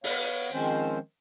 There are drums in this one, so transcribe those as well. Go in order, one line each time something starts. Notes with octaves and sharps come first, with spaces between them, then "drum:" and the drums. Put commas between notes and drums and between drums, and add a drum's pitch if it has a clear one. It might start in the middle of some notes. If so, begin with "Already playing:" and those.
B3 C#5 F5, drum: open hi-hat
D#3 F3 G#3 C4 C#4 C5